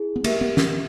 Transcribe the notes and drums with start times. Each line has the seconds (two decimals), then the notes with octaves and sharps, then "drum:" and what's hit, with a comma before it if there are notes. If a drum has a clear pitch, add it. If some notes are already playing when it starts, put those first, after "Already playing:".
Already playing: E4 G#4
0.16 B3
0.24 A#3 G4 A#4 E5, drum: cymbal
0.41 B3
0.57 C#4, drum: snare